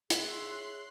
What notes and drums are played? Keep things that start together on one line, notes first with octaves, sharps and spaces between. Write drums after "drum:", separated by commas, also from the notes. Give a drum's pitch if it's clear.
G#4 C#5 E5 C6 F#6 C7, drum: hi-hat